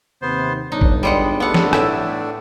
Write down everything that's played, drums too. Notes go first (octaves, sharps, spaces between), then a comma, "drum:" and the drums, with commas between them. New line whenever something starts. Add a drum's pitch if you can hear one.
D#2 C3 B3 C5
G1 D4 D#4 C#5
drum: kick A1
G3 G#3 B3 F#5
A3 B3 D4 F#5
drum: snare
A2 E5, drum: rim click